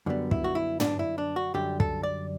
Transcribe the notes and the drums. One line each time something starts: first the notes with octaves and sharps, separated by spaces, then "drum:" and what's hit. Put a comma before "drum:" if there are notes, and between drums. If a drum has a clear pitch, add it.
F#2 D3 G3 B3
E4, drum: kick
F#4
E4
D4, drum: tom
E4
D4
F#4
F#2 D3 G3 G4
A4, drum: kick
D5